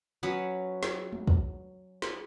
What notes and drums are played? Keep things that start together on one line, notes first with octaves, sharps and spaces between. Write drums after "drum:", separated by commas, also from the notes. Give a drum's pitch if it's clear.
F#3 C#4 B4 F#5
drum: snare
drum: tom G#3
drum: kick
drum: snare